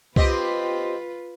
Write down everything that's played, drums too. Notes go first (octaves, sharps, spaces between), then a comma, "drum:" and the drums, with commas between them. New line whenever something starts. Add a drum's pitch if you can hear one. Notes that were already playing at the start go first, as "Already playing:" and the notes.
C4 F4 G4 B4 D#5, drum: kick C2